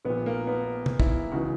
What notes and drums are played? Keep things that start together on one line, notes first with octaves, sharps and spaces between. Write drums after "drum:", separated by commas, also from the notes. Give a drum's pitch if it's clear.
A#1 A#2 B3
A#3
B3
drum: tom
E4, drum: kick
C#2 C#3 E3 F#4